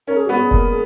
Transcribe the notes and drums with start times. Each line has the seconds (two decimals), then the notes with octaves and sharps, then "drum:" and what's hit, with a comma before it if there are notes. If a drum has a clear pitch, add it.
0.07 C#4 A#4
0.17 G#4
0.26 B3 F#4
0.36 G#4
0.51 A#3, drum: kick F1